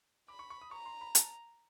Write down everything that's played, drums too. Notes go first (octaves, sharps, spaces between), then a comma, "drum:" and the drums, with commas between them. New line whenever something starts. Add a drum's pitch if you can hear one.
B5 D6
C#6
C#6
D#6
A#5 C#6
C6
B5
A5, drum: hi-hat